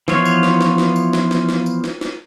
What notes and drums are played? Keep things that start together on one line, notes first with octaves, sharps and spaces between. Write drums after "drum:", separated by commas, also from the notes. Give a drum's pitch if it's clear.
E3 F3 B3 F4 C#5, drum: snare
drum: tambourine
drum: snare
drum: snare
drum: snare
drum: tambourine
drum: snare
drum: snare
drum: snare
drum: tambourine
drum: snare
drum: snare